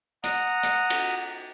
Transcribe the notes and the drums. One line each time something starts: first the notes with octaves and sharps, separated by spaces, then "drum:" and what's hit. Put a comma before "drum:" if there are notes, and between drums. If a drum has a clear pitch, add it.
F#5 A#5 D#6, drum: hi-hat
drum: hi-hat
drum: cymbal